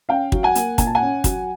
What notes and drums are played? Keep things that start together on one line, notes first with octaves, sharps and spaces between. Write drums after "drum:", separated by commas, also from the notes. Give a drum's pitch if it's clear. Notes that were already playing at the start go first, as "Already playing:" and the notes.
C#4 F5 G5
F#3, drum: kick
F#5 G#5
A#3, drum: hi-hat
A#2 G#5, drum: kick, hi-hat
A5
F#5 G#5
C#4
F#3, drum: kick, hi-hat